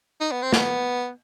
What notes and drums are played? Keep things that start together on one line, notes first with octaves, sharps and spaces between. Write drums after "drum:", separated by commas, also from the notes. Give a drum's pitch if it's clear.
D#4
B3
C4
B3, drum: snare